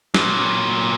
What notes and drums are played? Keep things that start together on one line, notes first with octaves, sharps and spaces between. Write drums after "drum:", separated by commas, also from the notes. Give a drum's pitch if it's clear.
A#2 F#3, drum: snare